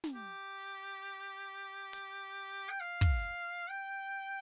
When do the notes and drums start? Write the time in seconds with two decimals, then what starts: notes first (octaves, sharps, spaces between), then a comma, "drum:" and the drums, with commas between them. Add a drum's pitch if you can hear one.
0.04 drum: snare
0.15 G4
1.93 drum: hi-hat
2.70 G5
2.81 F5
3.01 drum: kick
3.70 G5